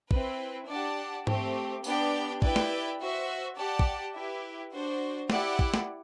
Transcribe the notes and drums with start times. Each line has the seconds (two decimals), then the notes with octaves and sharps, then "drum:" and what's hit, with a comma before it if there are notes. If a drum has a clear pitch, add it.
0.11 C4 E4 B4, drum: kick
0.68 D4 G4 D5 F#5 A5
1.27 A3 C4 G4, drum: tom G#2
1.84 B3 D4 G4 D5 G5, drum: tambourine
2.42 E4 G4 B4 D5 G5, drum: kick
2.56 drum: snare
3.00 F#4 C5 E5
3.57 G4 D5 F#5 A5
3.79 drum: kick
4.14 E4 G4 B4
4.73 D4 F#4 C5
5.30 E4 G4 D5 F#5, drum: snare
5.59 drum: kick
5.74 drum: snare